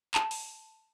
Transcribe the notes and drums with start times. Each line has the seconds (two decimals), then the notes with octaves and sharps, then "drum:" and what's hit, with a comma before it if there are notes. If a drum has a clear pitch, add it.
0.14 A5, drum: clap
0.31 drum: open hi-hat